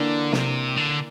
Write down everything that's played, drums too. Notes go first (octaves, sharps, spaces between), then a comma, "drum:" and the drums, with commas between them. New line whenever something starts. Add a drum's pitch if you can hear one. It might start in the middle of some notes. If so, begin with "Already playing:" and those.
Already playing: D3 E3 A#3 D4
C3, drum: snare
D3